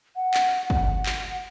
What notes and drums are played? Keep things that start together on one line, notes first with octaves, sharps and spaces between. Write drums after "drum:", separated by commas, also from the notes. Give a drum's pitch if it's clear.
F#5
drum: clap
drum: kick
drum: clap